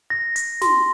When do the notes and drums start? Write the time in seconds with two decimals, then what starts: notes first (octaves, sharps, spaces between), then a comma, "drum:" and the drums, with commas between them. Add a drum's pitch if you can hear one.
0.10 A#6
0.36 A#6, drum: hi-hat
0.62 C6, drum: snare